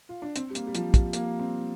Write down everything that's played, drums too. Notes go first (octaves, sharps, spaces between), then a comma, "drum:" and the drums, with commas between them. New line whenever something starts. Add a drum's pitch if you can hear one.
F4
D4
C4, drum: hi-hat
G3
A#3, drum: hi-hat
G3
F3, drum: hi-hat
G3, drum: kick, hi-hat
A#3, drum: hi-hat
C4